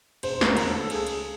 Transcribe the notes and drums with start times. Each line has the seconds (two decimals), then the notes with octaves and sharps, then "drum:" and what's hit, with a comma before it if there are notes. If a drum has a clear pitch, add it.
0.23 E1 C5, drum: cymbal
0.41 B4, drum: snare
0.46 A#4
0.57 D#2 D3 F#3, drum: cymbal
0.67 A4
0.82 A4
0.90 C#2 G#4, drum: cymbal
1.07 drum: cymbal